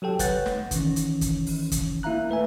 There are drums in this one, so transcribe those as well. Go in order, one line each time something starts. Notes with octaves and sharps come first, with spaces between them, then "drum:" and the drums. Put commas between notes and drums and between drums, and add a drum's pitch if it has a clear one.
F#3 G4 A4 G5
B4 C#5 F#5 F#6 G6 A6, drum: kick, hi-hat
drum: snare
D#3 E3 C#4, drum: kick, hi-hat
drum: hi-hat
drum: kick, hi-hat
drum: open hi-hat
drum: kick, hi-hat
A#3 E4 E5 F5 A#5 F#6
A3 B4 E5 G#5